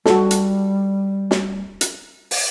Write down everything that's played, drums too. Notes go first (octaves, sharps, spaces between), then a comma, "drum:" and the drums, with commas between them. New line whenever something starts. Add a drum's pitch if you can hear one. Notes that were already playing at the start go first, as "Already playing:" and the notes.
G3 F#4 A4, drum: snare
drum: hi-hat
drum: snare
drum: hi-hat
drum: open hi-hat